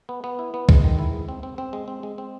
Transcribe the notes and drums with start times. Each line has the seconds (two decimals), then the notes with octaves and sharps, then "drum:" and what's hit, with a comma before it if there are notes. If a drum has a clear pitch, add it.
0.09 B3
0.24 B3
0.39 E4
0.54 B3
0.69 G#3, drum: kick C#2
0.84 D#3
0.99 E4
1.13 G#2
1.29 C4
1.43 C4
1.58 C4
1.73 G#3
1.88 C4
2.03 G#3
2.18 C4